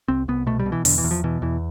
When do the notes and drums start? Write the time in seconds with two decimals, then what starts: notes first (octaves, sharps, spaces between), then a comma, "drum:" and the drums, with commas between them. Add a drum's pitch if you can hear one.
0.08 C2 C4
0.28 C2 B3
0.47 B2 A3
0.60 G3
0.66 B2
0.72 E3
0.85 E2 D3, drum: open hi-hat
0.98 E3
1.04 E2
1.11 F3
1.24 B2 E3
1.42 E2 E3